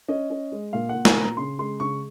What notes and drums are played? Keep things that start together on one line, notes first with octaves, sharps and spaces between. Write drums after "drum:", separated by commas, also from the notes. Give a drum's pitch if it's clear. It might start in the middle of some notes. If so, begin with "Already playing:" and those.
C#4 D#5
C#4
G#3
A#2 F5
F#5
A#2
G#5, drum: snare
A#2
A#5
C#3 C6
G#3 C6
C#3 C#6